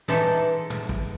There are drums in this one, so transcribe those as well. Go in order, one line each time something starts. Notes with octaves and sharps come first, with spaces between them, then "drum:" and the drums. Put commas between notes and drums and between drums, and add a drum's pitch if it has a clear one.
E3 G#3 D#4 A4 D5 E5, drum: tom
drum: tom
drum: kick